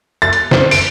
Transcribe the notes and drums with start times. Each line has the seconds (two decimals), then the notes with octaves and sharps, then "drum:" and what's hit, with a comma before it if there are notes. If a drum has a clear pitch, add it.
0.22 A6
0.33 drum: hi-hat
0.51 C5, drum: snare D3
0.71 D7, drum: open hi-hat